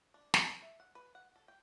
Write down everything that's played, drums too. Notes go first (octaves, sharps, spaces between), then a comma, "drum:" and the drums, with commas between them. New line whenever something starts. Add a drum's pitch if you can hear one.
D4
G#4, drum: snare
C#4
E5
F#5
B4
F#5
A4
G5